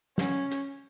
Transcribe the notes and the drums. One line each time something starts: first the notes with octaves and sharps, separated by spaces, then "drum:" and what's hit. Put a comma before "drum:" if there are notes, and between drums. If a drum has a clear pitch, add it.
C#4, drum: snare
drum: hi-hat